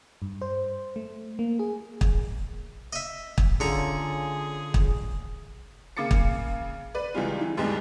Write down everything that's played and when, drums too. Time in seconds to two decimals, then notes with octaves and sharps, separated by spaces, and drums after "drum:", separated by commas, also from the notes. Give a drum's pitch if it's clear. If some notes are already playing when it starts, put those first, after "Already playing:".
0.22 G2
0.42 C5
0.96 A3
1.39 A#3
1.59 G#4
2.01 drum: kick
2.93 D#5 E5
3.38 drum: kick
3.60 D3 C#4 F4 G#4 A4 A#5
4.74 drum: kick
5.97 C#3 A#3 D6 A6 C#7
6.11 drum: kick
6.95 B4 D5
7.15 C#2 E3 G3 G#3 F4
7.41 E3
7.57 D#2 G#2 B2 G3 G#3